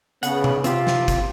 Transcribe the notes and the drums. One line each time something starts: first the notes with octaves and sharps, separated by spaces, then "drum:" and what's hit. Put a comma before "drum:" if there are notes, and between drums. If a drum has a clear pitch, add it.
C#3 B3 F#5, drum: hi-hat
drum: tom B2
C3 C4 F4 G4, drum: hi-hat
drum: snare
drum: kick, hi-hat